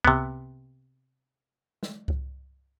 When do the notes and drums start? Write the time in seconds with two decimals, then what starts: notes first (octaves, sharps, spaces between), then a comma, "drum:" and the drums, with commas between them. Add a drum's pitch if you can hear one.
0.05 C3 B3, drum: kick C2
1.83 drum: snare
2.08 drum: kick C2